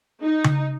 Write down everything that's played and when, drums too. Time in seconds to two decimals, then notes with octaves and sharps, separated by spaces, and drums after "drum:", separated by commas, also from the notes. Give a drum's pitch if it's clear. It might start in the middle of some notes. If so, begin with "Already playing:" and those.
0.22 D#4
0.44 drum: tom C#3